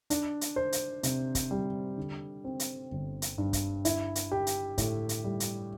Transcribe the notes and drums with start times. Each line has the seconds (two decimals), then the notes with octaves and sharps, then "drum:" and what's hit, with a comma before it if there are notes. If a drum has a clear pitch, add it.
0.10 D4, drum: hi-hat
0.41 drum: hi-hat
0.56 C5
0.72 drum: hi-hat
1.03 C3, drum: hi-hat
1.35 drum: kick, hi-hat
1.51 G3
1.97 D3
2.44 C4
2.60 drum: hi-hat
2.91 G1
3.22 drum: hi-hat
3.38 G2
3.53 drum: kick, hi-hat
3.85 E4, drum: hi-hat
4.15 drum: hi-hat
4.32 G4
4.47 drum: hi-hat
4.78 A2, drum: kick, hi-hat
5.09 drum: hi-hat
5.24 G3
5.40 drum: hi-hat